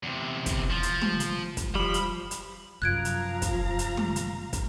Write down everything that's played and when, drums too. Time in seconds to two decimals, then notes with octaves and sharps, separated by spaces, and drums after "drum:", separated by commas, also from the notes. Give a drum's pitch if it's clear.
0.03 E2 C3
0.46 drum: kick, hi-hat
0.70 F3
0.83 drum: hi-hat
1.01 drum: tom
1.20 drum: hi-hat
1.57 drum: kick, hi-hat
1.75 F3 G3 B5
1.94 drum: hi-hat
2.31 drum: hi-hat
2.82 F#2 C3 F3 F5 A#5 F#6 G#6 D7
3.05 drum: hi-hat
3.42 drum: kick, hi-hat
3.79 drum: hi-hat
3.97 drum: tom
4.16 drum: hi-hat
4.53 drum: kick, hi-hat